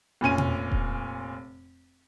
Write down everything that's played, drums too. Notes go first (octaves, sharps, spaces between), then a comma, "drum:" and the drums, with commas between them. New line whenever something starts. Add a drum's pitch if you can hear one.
F1 A#2 C#4 D#7
drum: tom B2
drum: kick D#1